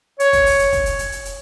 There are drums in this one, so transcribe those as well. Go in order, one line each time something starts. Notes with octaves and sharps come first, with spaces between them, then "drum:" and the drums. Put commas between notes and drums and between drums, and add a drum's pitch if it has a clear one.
C#5, drum: hi-hat
drum: kick, hi-hat
drum: open hi-hat
drum: hi-hat
drum: kick, hi-hat
drum: hi-hat
drum: hi-hat
drum: hi-hat
drum: hi-hat